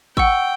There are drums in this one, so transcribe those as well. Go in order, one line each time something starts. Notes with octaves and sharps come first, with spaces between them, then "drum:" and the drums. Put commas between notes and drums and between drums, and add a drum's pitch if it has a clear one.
F#5 G5 C#6 E6, drum: kick A1